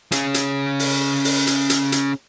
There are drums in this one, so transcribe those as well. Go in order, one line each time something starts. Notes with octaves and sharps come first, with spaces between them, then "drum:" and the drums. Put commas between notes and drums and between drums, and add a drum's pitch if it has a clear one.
C#4 G#4, drum: hi-hat
drum: hi-hat
drum: open hi-hat
drum: open hi-hat
drum: hi-hat
drum: hi-hat
drum: hi-hat